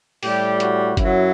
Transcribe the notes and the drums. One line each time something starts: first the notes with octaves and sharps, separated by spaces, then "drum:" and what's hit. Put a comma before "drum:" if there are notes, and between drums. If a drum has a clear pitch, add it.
A2 G3 G4, drum: open hi-hat
F#4, drum: hi-hat
F#2 F#3 E4, drum: kick, hi-hat